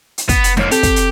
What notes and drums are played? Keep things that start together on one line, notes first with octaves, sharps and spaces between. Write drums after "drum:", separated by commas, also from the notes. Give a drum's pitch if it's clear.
drum: hi-hat
B3, drum: kick, hi-hat
drum: hi-hat
F2 G#2 A#3 C#5, drum: snare
C4 G4 A4 G6, drum: hi-hat
drum: kick, hi-hat
drum: hi-hat